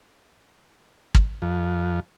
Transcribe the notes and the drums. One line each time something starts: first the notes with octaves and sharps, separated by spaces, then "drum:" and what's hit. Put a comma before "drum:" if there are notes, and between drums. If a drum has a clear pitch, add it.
drum: kick
F2